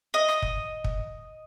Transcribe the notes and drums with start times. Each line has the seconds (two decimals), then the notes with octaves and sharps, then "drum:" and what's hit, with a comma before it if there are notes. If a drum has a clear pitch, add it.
0.14 D#5
0.28 drum: rim click
0.42 drum: kick
0.84 drum: kick